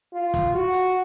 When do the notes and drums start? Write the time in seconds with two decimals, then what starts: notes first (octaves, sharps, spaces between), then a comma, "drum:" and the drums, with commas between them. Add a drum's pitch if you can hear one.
0.13 F4
0.34 drum: kick, hi-hat
0.54 F#4
0.73 drum: hi-hat